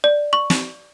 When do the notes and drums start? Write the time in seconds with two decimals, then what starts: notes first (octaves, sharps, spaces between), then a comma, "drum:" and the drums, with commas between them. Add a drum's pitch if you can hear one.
0.04 D5
0.33 C#6
0.50 drum: snare